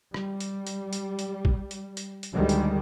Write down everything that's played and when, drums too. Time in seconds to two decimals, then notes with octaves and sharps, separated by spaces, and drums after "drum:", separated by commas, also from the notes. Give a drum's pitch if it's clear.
0.14 G3, drum: rim click
0.40 drum: hi-hat
0.67 drum: hi-hat
0.93 drum: hi-hat
1.19 drum: hi-hat
1.45 drum: kick
1.71 drum: hi-hat
1.97 drum: hi-hat
2.23 drum: hi-hat
2.33 D2 D#3 G3 G#3
2.49 drum: hi-hat